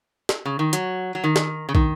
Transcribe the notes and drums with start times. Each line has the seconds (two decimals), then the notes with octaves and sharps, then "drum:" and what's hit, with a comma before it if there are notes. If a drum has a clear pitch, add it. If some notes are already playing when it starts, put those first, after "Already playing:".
0.29 drum: snare
0.45 C#3
0.59 D#3
0.73 F#3, drum: hi-hat
1.15 F#3
1.24 D#3
1.36 drum: snare
1.69 C#3
1.75 D#3, drum: kick